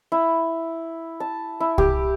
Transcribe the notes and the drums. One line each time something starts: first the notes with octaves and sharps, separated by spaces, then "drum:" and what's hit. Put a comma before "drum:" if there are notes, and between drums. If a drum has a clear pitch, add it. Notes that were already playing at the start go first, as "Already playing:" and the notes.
E4
A5
E4
G4, drum: kick C2